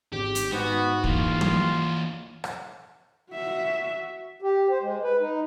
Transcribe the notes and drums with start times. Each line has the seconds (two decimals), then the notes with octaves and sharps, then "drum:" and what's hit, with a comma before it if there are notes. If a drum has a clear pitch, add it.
0.13 G#1 G4
0.35 drum: hi-hat
0.53 G#2 B3 F#4
1.04 E3 A#3 F4, drum: kick
1.41 drum: tom
2.44 drum: rim click
3.32 F#4 E5
4.42 G4
4.70 C5
4.82 G#3
5.02 B4
5.20 D#4